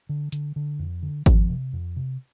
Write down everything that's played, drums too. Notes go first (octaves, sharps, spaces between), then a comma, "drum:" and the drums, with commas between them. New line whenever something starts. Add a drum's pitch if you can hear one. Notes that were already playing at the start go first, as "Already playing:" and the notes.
D3
D3, drum: hi-hat
D3
F2
D3
F2 F3, drum: kick G#1, hi-hat
C3
F2
C3